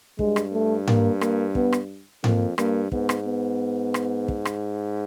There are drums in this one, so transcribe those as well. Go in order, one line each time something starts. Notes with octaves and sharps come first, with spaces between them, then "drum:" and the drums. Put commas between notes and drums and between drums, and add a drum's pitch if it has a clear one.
G2 G#3, drum: kick
drum: rim click
A3
A#3, drum: tom G#2
A#3, drum: rim click
B3, drum: kick
drum: rim click
F2 A#3, drum: tom G#2
G2 A#3, drum: rim click
G#2 B3, drum: kick
drum: rim click
B3
drum: rim click
drum: kick
drum: rim click